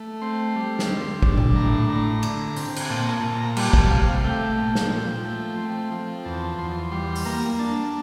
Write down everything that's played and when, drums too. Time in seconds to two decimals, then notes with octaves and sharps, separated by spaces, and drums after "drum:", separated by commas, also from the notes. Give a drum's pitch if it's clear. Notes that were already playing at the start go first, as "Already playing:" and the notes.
Already playing: A3
0.21 C4 C6
0.56 G3
0.79 drum: snare
0.89 D3
1.22 D4, drum: kick
1.37 drum: tom A#2
1.55 A2 A#5
1.89 A2 A#5
2.23 D3, drum: cymbal
2.56 C4, drum: open hi-hat
2.76 drum: cymbal
2.89 A#2 A5
3.06 A#5
3.12 A5
3.24 A#2
3.34 A#5
3.57 G3 A5, drum: cymbal
3.73 drum: kick
3.90 C3 F5
4.24 A3 G5
4.58 A#2
4.75 drum: snare
4.91 F3
5.25 A3
5.58 C4
5.91 F3
6.25 E2 A5
6.58 E2 C6
6.92 G3 C6
7.15 drum: open hi-hat
7.26 A#3 A#5
7.59 D4 A5